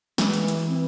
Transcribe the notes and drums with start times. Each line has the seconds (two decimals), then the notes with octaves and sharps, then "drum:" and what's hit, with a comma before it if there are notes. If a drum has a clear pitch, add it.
0.18 E3 G#3, drum: snare
0.33 drum: hi-hat
0.48 drum: hi-hat
0.68 C4